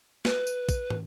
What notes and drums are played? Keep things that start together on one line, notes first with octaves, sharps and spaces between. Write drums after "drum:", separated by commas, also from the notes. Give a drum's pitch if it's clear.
B4, drum: snare
drum: tambourine
drum: kick, tambourine
drum: tom